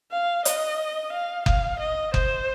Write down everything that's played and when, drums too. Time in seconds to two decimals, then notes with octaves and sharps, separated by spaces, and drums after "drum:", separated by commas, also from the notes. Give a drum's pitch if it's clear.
0.11 F5
0.45 D#5, drum: hi-hat
1.13 F5
1.46 F5, drum: kick F#1
1.80 D#5
2.14 C5, drum: kick F#1